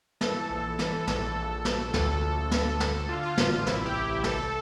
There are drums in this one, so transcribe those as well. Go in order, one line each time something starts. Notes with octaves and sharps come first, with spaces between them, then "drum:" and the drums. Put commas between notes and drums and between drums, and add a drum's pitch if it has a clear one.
E3 A4, drum: snare
A#1
E3, drum: snare
A#1, drum: snare
A#1
A#1, drum: snare
D2 A4, drum: snare
D2
D2, drum: snare
D2, drum: snare
D3 F4
F4
A1 F4, drum: snare
F4
C2 E4, drum: snare
G4
C2
C2 A4, drum: snare